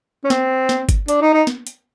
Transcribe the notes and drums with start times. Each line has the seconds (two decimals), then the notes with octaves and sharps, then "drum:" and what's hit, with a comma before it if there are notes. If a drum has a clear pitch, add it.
0.24 C#4
0.30 C4, drum: snare
0.69 drum: snare
0.89 drum: kick G1, hi-hat
1.08 D4, drum: hi-hat
1.22 D#4
1.34 D#4
1.47 drum: snare
1.67 drum: hi-hat